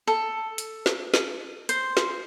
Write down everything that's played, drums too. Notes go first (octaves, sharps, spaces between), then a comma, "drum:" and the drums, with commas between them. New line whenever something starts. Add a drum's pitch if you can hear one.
A4
drum: hi-hat
drum: snare
drum: snare
C5, drum: hi-hat
drum: snare